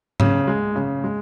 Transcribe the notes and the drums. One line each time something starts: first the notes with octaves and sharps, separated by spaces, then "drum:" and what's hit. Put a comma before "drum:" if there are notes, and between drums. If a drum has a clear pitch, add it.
C#3, drum: tom G#2
G#3
C#3
G#3